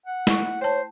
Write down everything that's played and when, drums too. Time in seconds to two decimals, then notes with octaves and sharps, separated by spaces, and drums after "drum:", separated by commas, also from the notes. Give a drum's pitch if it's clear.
0.06 F#5
0.27 A3 E4 C#6, drum: snare
0.61 C5 C#5 G5 A5